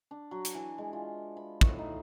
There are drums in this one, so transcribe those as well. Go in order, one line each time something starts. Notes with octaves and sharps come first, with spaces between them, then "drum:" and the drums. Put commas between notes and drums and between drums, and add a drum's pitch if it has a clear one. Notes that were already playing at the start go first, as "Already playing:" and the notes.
D4
F#3
drum: hi-hat
E3
G#3
F4
B5
A2, drum: kick
D#4